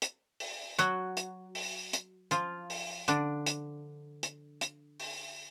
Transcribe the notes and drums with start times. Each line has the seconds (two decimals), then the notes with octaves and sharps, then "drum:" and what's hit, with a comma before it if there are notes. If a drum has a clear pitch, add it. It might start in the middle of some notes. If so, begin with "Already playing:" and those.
0.02 drum: hi-hat
0.40 drum: open hi-hat
0.79 F#3 F#4, drum: hi-hat
1.17 drum: hi-hat
1.55 drum: open hi-hat
1.93 drum: hi-hat
2.31 F3 F4, drum: hi-hat
2.70 drum: open hi-hat
3.08 D3 D4, drum: hi-hat
3.46 drum: hi-hat
4.23 drum: hi-hat
4.61 drum: hi-hat
5.00 drum: open hi-hat